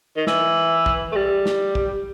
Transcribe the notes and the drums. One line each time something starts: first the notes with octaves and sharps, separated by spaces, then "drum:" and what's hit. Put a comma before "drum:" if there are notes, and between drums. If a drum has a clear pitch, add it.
D#3
E3, drum: snare
drum: kick
A3
G3
drum: snare
drum: kick